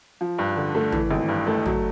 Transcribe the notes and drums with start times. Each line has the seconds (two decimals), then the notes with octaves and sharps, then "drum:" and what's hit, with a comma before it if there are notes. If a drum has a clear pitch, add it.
0.21 F3
0.38 G2
0.57 D3
0.75 A3
0.92 E3, drum: tom
1.11 G#1
1.29 G2
1.47 A3
1.66 F#3, drum: tom